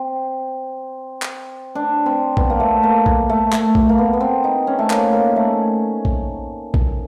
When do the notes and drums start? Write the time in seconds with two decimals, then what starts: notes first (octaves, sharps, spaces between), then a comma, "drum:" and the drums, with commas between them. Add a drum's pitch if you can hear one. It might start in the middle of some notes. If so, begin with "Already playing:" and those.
Already playing: C4
1.22 drum: clap
1.75 D4
2.06 C4
2.37 B3, drum: kick A#1
2.50 A#3
2.60 A3
2.83 A#3
3.06 drum: kick A#1
3.29 A3
3.52 A3, drum: clap
3.75 drum: kick A#1
3.89 A#3
3.98 B3
4.13 B3
4.20 C4
4.44 D#4
4.67 C#4
4.79 A3
4.90 A#3, drum: clap
5.12 A#3
5.36 A3
6.05 drum: kick A#1
6.74 drum: kick A#1